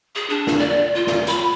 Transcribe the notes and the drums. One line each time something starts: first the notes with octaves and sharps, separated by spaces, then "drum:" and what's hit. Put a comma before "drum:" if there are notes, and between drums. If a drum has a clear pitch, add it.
G#4
D4
drum: snare
D5
F4
drum: snare
B5, drum: hi-hat